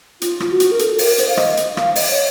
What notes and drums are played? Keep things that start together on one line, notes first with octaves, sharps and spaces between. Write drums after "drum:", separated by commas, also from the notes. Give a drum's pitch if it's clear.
F4, drum: hi-hat
drum: rim click
F#4
drum: hi-hat
A#4
A4, drum: hi-hat
A#4, drum: open hi-hat
C5, drum: hi-hat
F5
D#5, drum: rim click
drum: hi-hat
F5, drum: rim click
D#5, drum: open hi-hat
C#5